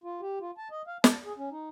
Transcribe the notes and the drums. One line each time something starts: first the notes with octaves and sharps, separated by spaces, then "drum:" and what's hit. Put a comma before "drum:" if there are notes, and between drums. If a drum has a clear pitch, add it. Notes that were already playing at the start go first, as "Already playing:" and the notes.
F4
G4
F4
A5
D#5
F5
A5, drum: snare
G#4
C#4
D#4